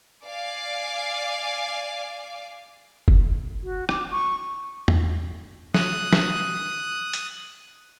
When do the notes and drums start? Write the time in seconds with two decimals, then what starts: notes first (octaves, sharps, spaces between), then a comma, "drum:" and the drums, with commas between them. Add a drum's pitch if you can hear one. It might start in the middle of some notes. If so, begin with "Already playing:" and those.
0.25 D5 F5 G#5 D6
3.08 drum: kick
3.63 F#4
3.89 D6, drum: rim click
4.12 C#6
4.88 drum: tom E2
5.74 D#6 F#6, drum: snare
6.13 drum: snare
7.13 drum: hi-hat